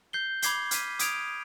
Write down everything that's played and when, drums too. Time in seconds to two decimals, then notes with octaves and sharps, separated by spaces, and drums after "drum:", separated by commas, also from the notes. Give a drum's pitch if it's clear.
0.13 G6 C7 G7
0.42 B5 D6 G#6 C7 G7, drum: hi-hat
0.71 F6 B6 D#7, drum: hi-hat
0.99 D#6 G#6 D7 F7, drum: hi-hat